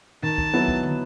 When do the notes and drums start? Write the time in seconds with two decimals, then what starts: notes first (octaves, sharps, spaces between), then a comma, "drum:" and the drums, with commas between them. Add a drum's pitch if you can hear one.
0.23 D#3 A5
0.38 drum: kick
0.54 F#3 B3 E4
0.68 drum: kick
0.83 drum: tom